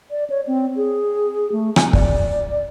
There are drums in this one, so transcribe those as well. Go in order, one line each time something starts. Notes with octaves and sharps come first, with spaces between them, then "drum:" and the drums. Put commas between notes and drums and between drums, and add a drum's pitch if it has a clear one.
D5
C#5
C4
G#4
A3
G#5, drum: rim click
D5, drum: kick